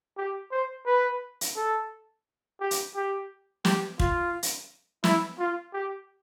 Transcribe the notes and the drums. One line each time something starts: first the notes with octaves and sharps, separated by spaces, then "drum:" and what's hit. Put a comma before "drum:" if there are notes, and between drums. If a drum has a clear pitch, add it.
G4
C5
B4
drum: hi-hat
A4
G4
drum: hi-hat
G4
G4, drum: snare
F4, drum: kick
drum: hi-hat
E4, drum: snare
F4
G4